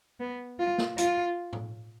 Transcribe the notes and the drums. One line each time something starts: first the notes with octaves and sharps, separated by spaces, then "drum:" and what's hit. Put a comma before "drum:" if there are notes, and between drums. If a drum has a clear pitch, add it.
B3
F4
drum: snare
F4, drum: hi-hat
drum: tom A2